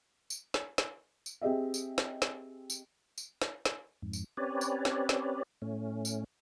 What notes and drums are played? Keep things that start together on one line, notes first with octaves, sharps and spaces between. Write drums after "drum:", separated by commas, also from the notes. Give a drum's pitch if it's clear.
drum: tambourine
drum: snare
drum: snare
drum: tambourine
C4 G4 G#4 D#5 E5
drum: tambourine
drum: snare
drum: snare
drum: tambourine
drum: tambourine
drum: snare
drum: snare
F2 G#2
drum: tambourine
C4 C#4 G4 B4 C#5 D5
drum: tambourine
drum: snare
drum: snare
A2 A3 C#4
drum: tambourine